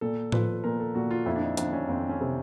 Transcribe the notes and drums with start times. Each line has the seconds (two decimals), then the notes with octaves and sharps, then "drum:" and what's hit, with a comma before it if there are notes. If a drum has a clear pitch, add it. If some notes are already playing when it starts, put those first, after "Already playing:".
0.01 A#2 A4
0.32 F3 B4, drum: tom A2
0.64 A#2 A#4
0.80 A4
0.95 A#2 F#4
1.11 F4
1.26 F2 E4
1.36 D4
1.42 D#4
1.57 F2 D4, drum: hi-hat
1.73 C#4
1.88 F2 C4
2.09 C#4
2.21 C3